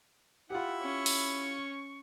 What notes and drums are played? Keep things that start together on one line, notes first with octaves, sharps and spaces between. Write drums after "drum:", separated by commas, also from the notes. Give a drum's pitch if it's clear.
E4 F4 G4 F#5
C#4 C#6
drum: open hi-hat